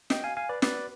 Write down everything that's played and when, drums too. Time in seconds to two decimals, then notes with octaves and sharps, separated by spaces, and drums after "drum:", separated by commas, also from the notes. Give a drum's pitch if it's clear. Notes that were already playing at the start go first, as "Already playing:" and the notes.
0.10 D#5 G5, drum: snare
0.24 F5 G#5
0.37 F5 G#5
0.49 B4 D5
0.62 B4 D5, drum: snare